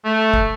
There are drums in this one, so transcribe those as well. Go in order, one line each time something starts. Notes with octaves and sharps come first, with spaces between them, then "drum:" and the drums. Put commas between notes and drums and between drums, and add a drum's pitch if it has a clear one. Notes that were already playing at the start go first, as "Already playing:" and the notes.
A3
drum: kick